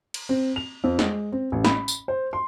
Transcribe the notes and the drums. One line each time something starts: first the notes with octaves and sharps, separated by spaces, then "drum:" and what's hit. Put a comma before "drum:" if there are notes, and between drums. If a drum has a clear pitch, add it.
drum: cymbal
C4
F7
F2
G#3, drum: snare
C4
A1
B5, drum: snare
drum: tambourine
C5
C6